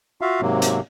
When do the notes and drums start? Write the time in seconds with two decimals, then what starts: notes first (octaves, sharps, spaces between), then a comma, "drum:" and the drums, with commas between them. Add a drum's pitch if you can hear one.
0.21 F4 F#4 E5 F5
0.41 G#2 C3 F#3 A#3
0.62 drum: hi-hat